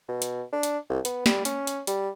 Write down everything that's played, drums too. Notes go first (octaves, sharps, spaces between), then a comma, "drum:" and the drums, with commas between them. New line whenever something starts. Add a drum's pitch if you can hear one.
B2
drum: hi-hat
D4
drum: hi-hat
C2
B3, drum: hi-hat
G3, drum: snare
C#4, drum: hi-hat
drum: hi-hat
G3, drum: hi-hat